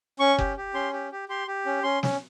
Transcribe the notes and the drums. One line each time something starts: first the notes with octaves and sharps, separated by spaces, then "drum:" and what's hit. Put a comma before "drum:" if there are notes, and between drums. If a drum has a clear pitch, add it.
C#4 C#6
G4, drum: kick F#1
G4
C#4 C6
G4
G4
G4 C6
G4
C#4
C#4 C6
C#4, drum: snare